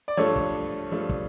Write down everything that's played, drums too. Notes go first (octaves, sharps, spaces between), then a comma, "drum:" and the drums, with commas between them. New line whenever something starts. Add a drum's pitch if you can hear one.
D5
G2 F3 A3 D4 F4 A4 C#5
drum: kick
G2 F3 A3 D4 F4
drum: kick